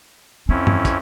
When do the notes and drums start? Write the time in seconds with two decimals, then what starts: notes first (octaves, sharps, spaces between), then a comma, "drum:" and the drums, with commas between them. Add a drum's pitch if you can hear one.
0.49 F2 C4 C#4 E4
0.67 drum: tom
0.85 drum: kick, hi-hat